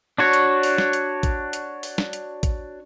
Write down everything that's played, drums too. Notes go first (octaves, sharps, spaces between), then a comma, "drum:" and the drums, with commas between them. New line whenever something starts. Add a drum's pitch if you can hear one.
D4 F#4 C#5
drum: hi-hat
drum: open hi-hat
drum: snare
drum: hi-hat
drum: kick, hi-hat
drum: hi-hat
drum: open hi-hat
drum: snare
drum: hi-hat
drum: kick, hi-hat